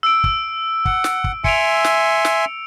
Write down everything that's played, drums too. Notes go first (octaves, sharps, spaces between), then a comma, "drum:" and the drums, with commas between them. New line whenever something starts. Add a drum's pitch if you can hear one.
E6 D7
drum: kick
F#5, drum: kick
drum: snare
drum: kick
E5 G#5 C6 C#7 D7 F7, drum: kick
drum: snare
drum: snare